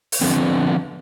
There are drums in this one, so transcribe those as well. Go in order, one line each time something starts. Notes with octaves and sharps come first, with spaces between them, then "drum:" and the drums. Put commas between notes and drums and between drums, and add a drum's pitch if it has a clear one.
drum: open hi-hat
D3 F3 B3 C4